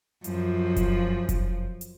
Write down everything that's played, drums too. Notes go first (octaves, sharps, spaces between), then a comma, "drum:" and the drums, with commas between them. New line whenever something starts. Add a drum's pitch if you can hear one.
F#2 F3, drum: hi-hat
drum: kick F1, hi-hat
drum: kick F1, hi-hat
drum: hi-hat